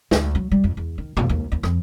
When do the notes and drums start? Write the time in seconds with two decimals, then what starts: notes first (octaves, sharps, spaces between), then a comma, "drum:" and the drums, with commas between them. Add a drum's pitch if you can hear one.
0.11 D2, drum: snare
0.35 F#3
0.52 G3
0.64 F2
0.77 E2
0.98 D#3
1.17 B2, drum: tom
1.29 D#2
1.52 D#2
1.63 F2, drum: rim click